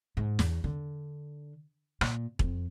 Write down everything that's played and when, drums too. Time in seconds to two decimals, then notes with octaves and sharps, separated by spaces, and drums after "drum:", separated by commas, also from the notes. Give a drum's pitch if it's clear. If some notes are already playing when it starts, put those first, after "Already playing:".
0.17 G#2
0.39 E2, drum: snare
0.64 D3
2.01 A#2, drum: rim click
2.39 F2, drum: kick E1